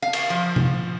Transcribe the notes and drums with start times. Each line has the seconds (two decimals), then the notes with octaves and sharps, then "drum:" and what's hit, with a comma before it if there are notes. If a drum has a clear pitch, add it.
0.02 F5
0.13 drum: cymbal
0.30 F3
0.56 drum: tom